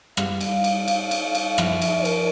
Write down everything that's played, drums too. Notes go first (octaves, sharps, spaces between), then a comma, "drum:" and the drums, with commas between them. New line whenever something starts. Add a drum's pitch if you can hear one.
G3 F5, drum: rim click
drum: cymbal
drum: cymbal
drum: cymbal
drum: cymbal
drum: cymbal
F5
F3 E5, drum: rim click
E5, drum: cymbal
A#4, drum: cymbal